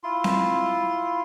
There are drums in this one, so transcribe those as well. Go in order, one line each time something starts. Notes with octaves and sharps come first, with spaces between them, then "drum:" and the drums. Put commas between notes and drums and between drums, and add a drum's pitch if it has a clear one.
E4 F4 C6
drum: snare C4